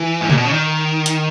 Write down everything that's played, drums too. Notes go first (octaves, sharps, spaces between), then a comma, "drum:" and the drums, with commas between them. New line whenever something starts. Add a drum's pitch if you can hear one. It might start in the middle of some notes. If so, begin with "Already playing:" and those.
Already playing: E3
G#2
A#2, drum: tom A#2
B2
C#3
D#3
drum: hi-hat